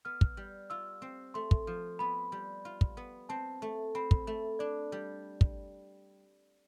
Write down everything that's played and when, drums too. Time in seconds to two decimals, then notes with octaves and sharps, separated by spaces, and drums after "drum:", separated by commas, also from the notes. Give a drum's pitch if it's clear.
0.05 B3 F6
0.21 drum: kick
0.37 G3
0.70 F4 E6
1.02 C4
1.34 A3 C6
1.51 drum: kick
1.67 F3
1.99 B3 B5
2.32 G3
2.65 F4
2.81 drum: kick
2.97 B3
3.29 C4 A5
3.62 A3
3.95 C4 B5
4.11 drum: kick
4.27 A3
4.59 D4 D5
4.92 G3
5.41 drum: kick